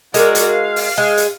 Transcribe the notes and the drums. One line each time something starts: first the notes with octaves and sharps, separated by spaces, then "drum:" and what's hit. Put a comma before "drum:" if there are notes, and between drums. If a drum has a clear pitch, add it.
G#3 F#4 A#4 D5, drum: hi-hat
drum: hi-hat
F5
drum: open hi-hat
G#3
drum: hi-hat